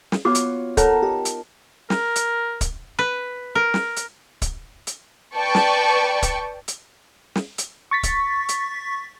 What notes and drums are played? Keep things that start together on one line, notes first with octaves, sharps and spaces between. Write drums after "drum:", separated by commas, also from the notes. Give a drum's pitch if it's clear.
drum: snare
B3 F4 F#4 C#5 D6
drum: hi-hat
A4 A#4 C#5 F#5 A5, drum: kick, hi-hat
D#4 G4
drum: hi-hat
A#4, drum: snare
drum: hi-hat
drum: kick, hi-hat
B4
A#4
drum: snare
drum: hi-hat
drum: kick, hi-hat
drum: hi-hat
B4 D5 G5 A5 C#6
drum: snare
drum: kick, hi-hat
drum: hi-hat
drum: snare
drum: hi-hat
C#6 A6 B6
drum: kick, hi-hat
drum: hi-hat